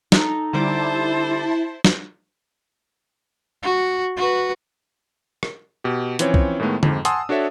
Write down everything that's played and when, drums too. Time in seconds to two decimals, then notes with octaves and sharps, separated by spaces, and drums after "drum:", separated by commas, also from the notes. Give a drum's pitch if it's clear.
0.12 D#4 A4 A#5, drum: snare
0.53 D3 G3 E4 C5 A5 D6
1.84 drum: snare
3.63 F#4
4.17 F#4 B4
5.43 drum: rim click
5.84 B2 G4
6.19 E3 F3 C4 C#4 C#5, drum: hi-hat
6.34 drum: kick B1
6.60 A2 D#3 G#3 A3 B3
6.83 F2 G#2, drum: tom D3
7.05 F#5 G#5 A5 C6 D#6 E6, drum: hi-hat
7.29 D4 F#4 A4 C#5 E5